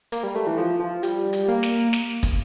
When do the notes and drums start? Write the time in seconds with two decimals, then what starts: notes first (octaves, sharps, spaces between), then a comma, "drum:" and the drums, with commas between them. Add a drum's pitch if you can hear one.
0.12 A#3, drum: hi-hat
0.23 G3
0.35 A3
0.47 E3
0.58 F3
0.80 F3
1.03 G3, drum: hi-hat
1.33 drum: hi-hat
1.48 A#3
1.63 drum: snare
1.93 drum: snare
2.23 drum: kick, hi-hat